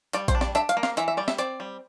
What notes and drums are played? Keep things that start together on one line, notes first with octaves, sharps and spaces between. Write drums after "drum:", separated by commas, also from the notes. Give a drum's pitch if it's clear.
G3 D5, drum: hi-hat
C5, drum: kick A#1, hi-hat
D4
D5, drum: snare
D4 E5, drum: hi-hat
F5, drum: hi-hat
A#3
F5, drum: snare
E3 E5, drum: hi-hat
E5
G3 D5
E5, drum: snare
C4 D5, drum: hi-hat
G3